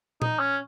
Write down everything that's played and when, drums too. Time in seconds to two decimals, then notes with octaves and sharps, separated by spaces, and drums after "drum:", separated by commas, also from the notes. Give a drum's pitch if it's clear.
0.22 D#4, drum: tom A#2
0.39 C#4